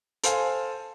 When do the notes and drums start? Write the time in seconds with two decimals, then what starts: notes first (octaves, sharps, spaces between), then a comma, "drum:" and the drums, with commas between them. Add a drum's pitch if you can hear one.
0.24 A4 C5 F5 G#5, drum: hi-hat